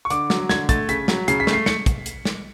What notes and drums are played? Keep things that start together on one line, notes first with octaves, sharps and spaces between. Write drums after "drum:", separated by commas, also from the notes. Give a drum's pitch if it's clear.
C#6
D3 D6, drum: hi-hat
F#3, drum: snare
D3 G#6, drum: snare
A3 A6, drum: kick, hi-hat
C#3 B6, drum: hi-hat
F#3, drum: snare
C#3 C7, drum: hi-hat
B6
A3, drum: snare
C7
C#7, drum: snare
drum: kick, hi-hat
drum: hi-hat
drum: snare